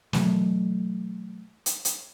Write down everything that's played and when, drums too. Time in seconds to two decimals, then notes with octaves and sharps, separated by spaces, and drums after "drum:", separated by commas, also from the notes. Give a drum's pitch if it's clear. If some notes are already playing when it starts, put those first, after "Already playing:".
0.13 B2 E3 F#3 A3, drum: snare
1.66 drum: hi-hat
1.85 drum: hi-hat